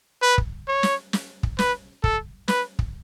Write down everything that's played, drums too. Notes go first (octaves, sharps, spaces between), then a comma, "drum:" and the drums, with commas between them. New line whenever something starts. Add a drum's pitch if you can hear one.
B4
drum: kick
C#5
drum: snare
drum: snare
drum: kick
B4, drum: snare
A4, drum: kick
B4, drum: snare
drum: kick